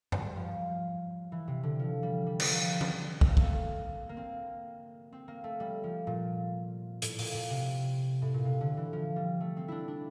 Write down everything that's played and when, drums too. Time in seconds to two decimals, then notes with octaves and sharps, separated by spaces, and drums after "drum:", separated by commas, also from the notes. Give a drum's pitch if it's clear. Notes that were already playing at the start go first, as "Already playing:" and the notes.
0.12 G3, drum: tom F#2
0.37 F3
1.32 E3
1.48 C3
1.63 D3
1.79 F3
2.03 G3
2.27 G3
2.40 F3, drum: cymbal
2.54 G3
2.81 drum: tom D#3
3.21 C4, drum: kick
3.30 A#3
3.37 A3, drum: kick
3.44 A#3
4.09 A#3
4.17 C4
5.13 C4
5.28 A#3
5.44 A3
5.60 G3
5.84 F3
6.07 A#2
7.02 A2, drum: hi-hat
7.19 A#2, drum: open hi-hat
7.34 A#2
7.50 C3
8.22 A2
8.34 A#2
8.45 C3
8.61 D3
8.77 E3
8.93 F3
9.16 G3
9.41 A3
9.57 C4
9.68 D4 E4
9.88 D4